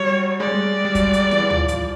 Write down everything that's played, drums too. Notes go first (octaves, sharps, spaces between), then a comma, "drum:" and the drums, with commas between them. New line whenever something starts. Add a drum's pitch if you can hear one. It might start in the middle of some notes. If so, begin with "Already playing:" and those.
Already playing: F#3 G3 C#5
G#3 D5
G3
G#3
G3
F#3, drum: kick, hi-hat
drum: hi-hat
E3, drum: snare
E3
F3, drum: tom D2
F3, drum: hi-hat